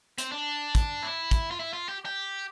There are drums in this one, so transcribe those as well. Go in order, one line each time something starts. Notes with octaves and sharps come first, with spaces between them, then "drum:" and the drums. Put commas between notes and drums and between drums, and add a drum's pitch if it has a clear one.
C4, drum: hi-hat
D4
drum: kick, hi-hat
E4
drum: kick, hi-hat
F4
E4
F4
G4
G4